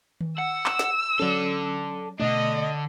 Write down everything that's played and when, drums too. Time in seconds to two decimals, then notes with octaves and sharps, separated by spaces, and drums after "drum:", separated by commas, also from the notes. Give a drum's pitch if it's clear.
0.21 drum: tom D#3
0.38 F#5 E6
0.66 drum: clap
0.79 drum: snare
1.19 F#3 C#4 A4 D5
2.20 B2 D3 A3 D4 D#5